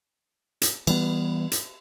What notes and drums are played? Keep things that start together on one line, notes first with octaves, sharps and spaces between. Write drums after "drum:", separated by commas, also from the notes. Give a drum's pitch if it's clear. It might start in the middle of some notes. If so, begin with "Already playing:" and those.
drum: hi-hat
E3 G3 B3, drum: cymbal
drum: hi-hat